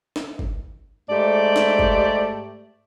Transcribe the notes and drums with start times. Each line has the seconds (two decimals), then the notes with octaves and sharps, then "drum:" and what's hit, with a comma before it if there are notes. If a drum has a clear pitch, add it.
0.16 drum: snare
0.39 drum: kick G1
1.09 G#2 A3 G4 D5
1.56 drum: snare
1.79 drum: kick G1